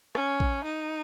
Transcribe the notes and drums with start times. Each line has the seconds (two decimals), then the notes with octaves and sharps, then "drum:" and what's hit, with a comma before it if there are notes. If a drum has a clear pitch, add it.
0.15 C#4, drum: rim click
0.40 drum: kick
0.65 D#4